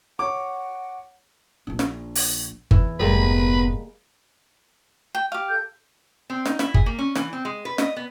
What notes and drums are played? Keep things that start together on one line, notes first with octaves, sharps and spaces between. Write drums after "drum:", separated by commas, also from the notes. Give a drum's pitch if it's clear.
C#5 F#5 D6
A#1 D4
drum: snare
drum: open hi-hat
E2 E3, drum: kick G1
F1 G#2 G3 G#3 A#3 B3 B4
G5
G4 F5
A4 G6
C4
D#4, drum: snare
E4, drum: snare
G#4, drum: kick G1
A#3
C#4
E3, drum: snare
C4
G#3
B4
D#5, drum: snare
B3